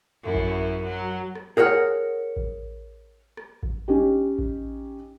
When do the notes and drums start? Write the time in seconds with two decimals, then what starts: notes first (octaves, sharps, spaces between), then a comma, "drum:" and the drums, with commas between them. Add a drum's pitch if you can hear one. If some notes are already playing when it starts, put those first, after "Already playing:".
0.24 F#2 E4
0.34 drum: kick A1
0.85 F#3
1.35 drum: rim click
1.57 G#4 A#4 C#5 F#5
2.36 drum: kick A1
3.37 drum: rim click
3.63 drum: kick A1
3.88 C#4 D#4 G4
4.38 drum: kick A1